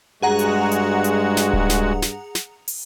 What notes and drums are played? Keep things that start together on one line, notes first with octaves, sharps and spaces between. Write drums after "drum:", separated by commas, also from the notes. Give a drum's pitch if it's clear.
G2 G#3 F#4 G#4 F#5 A#5
drum: hi-hat
drum: hi-hat
drum: hi-hat
drum: snare
drum: kick D1
drum: snare
drum: snare
drum: snare
drum: open hi-hat